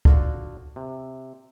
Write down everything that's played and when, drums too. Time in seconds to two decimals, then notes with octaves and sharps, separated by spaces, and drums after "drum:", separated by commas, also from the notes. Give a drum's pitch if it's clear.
0.05 D3 F4 F#4, drum: kick
0.76 C3